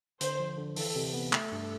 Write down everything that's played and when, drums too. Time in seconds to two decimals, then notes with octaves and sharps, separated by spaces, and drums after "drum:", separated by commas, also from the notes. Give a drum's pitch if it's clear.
0.21 D3 C5, drum: hi-hat
0.39 F3
0.58 D3
0.76 E3 A4, drum: open hi-hat
0.96 C3
1.13 B3
1.33 A3 A4, drum: clap
1.52 G2